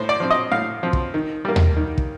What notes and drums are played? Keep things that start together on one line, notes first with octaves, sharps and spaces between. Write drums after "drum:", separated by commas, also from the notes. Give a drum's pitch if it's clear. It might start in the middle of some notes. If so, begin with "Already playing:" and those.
Already playing: A2 C5
D5
F3 C4
D#5
A2 F5
F3 C4
drum: kick
D#3
G3 A#3
drum: tom D#2
D#3
drum: kick